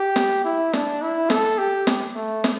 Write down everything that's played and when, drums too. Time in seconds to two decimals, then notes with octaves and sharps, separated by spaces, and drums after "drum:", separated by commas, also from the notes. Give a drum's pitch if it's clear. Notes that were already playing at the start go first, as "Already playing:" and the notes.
Already playing: G4
0.16 drum: snare
0.44 E4
0.73 D4, drum: snare
1.02 E4
1.30 A4, drum: snare
1.58 G4
1.87 drum: snare
2.15 A3
2.44 drum: snare